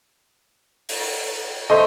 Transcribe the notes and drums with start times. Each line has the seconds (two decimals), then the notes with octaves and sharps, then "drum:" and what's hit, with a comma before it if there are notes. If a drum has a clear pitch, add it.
0.89 drum: open hi-hat
1.70 A3 C5 D#5 E5